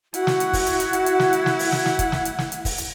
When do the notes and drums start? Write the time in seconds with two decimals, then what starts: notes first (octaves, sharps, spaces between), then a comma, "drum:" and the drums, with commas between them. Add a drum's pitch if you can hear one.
0.14 E4 F#4 F#5, drum: hi-hat
0.27 drum: snare
0.40 drum: hi-hat
0.53 drum: kick, open hi-hat
0.67 drum: hi-hat
0.80 drum: hi-hat
0.93 drum: hi-hat
1.06 drum: hi-hat
1.20 drum: snare
1.33 drum: hi-hat
1.46 drum: snare
1.59 drum: open hi-hat
1.72 drum: snare
1.86 drum: snare
1.99 drum: kick, hi-hat
2.12 drum: snare
2.25 drum: hi-hat
2.39 drum: snare
2.52 drum: hi-hat
2.65 drum: kick, open hi-hat
2.78 drum: hi-hat